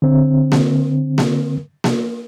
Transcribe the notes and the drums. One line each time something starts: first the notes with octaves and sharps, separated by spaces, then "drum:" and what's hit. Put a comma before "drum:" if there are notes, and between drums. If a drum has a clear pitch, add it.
D3 C4
drum: snare A#3
drum: snare A#3
drum: snare A#3